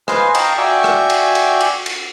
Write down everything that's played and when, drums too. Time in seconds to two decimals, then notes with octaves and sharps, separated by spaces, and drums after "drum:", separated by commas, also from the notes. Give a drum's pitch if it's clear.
0.08 B4 C5 D#5 F5 G#5, drum: rim click
0.35 D#5 F5 G5 A5 A#5 C#6, drum: cymbal
0.58 F#4 D5 E5 G5 G#5 C#6
0.84 drum: rim click
1.10 drum: cymbal
1.35 drum: cymbal
1.61 drum: cymbal
1.86 drum: cymbal